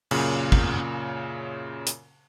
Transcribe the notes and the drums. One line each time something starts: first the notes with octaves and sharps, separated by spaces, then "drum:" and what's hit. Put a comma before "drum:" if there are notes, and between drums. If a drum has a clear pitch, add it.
F#2 A#2 C#3, drum: cymbal
drum: kick
drum: hi-hat